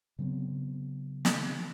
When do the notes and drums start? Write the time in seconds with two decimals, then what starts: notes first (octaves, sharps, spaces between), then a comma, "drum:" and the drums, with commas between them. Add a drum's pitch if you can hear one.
0.19 C#3 F#3 B3 C4
1.25 drum: snare